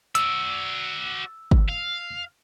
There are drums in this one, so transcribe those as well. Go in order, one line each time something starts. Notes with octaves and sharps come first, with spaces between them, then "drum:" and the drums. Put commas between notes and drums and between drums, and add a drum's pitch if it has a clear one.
F#4 D5 E6, drum: hi-hat
drum: kick
F5